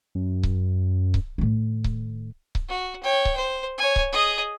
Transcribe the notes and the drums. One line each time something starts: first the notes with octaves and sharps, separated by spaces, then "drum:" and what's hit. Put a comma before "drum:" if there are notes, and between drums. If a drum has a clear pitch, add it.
F#2
drum: kick C#1
drum: kick C#1
A2 D#3
drum: kick C#1
drum: kick C#1
F#4
C#5 G5
drum: kick C#1
C5
C#5 G#5
drum: kick C#1
G#4 D#5